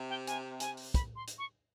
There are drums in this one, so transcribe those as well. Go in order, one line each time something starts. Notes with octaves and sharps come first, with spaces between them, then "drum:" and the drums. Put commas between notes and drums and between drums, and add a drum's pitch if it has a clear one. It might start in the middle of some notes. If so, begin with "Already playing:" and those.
Already playing: C3
G5
G#5, drum: hi-hat
G#5, drum: hi-hat
drum: open hi-hat
B5, drum: kick, hi-hat
C6
drum: hi-hat
C#6